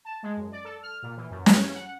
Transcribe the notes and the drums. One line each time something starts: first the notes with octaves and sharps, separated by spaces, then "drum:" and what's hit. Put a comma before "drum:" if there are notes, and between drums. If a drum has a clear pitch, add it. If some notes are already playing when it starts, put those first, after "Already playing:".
A5
G#3
F#2
D5
A4
F6
A#2
E3
F#2
E3, drum: snare
C#4
F#5